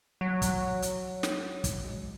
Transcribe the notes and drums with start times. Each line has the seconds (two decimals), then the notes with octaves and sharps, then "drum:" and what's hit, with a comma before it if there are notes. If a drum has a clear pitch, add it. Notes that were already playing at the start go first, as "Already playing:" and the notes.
0.21 F#3
0.42 drum: kick, hi-hat
0.82 drum: hi-hat
1.23 drum: snare
1.64 drum: kick, hi-hat
1.84 G#3